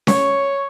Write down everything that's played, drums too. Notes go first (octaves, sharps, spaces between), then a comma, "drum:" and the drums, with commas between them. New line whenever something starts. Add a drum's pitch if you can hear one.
C#5, drum: snare C#4